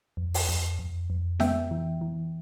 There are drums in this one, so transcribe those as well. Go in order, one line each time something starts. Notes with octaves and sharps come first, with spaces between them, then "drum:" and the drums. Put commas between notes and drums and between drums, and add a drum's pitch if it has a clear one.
F2
drum: open hi-hat
F2
F2
F2
B3 E5 G5, drum: snare C#4
E3
E3